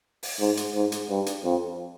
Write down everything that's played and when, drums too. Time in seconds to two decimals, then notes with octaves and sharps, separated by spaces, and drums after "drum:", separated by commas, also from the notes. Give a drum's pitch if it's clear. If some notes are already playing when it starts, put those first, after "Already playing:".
0.23 drum: open hi-hat
0.40 G#2
0.57 drum: hi-hat
0.75 G#2
0.92 drum: hi-hat
1.09 G2
1.26 drum: hi-hat
1.44 F2